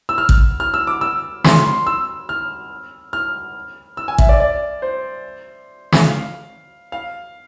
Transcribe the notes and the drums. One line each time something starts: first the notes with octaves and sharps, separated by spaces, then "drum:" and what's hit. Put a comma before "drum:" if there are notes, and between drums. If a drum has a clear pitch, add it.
E6
F6
drum: kick
F6
E6
D6
E6
C6, drum: snare
C6
E6
F6
F6
E6
G#5
E5, drum: kick
D5
D5
C5
drum: snare
F5
F5